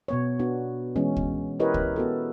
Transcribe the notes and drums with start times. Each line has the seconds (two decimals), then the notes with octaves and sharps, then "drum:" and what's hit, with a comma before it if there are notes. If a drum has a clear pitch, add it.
0.08 B2 B3 C#5
0.39 B3 D4 F#4
0.96 E3 G#3 B3 C#4
1.16 drum: kick
1.60 E4 G4 A#4 B4 C#5 D#5
1.74 drum: kick
1.96 B3 F#4 A4